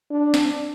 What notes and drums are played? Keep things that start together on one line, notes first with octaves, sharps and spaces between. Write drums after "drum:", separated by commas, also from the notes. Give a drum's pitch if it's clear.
D4
drum: snare